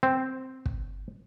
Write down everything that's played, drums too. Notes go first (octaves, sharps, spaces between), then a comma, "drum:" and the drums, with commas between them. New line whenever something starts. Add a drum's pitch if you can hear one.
C4
drum: kick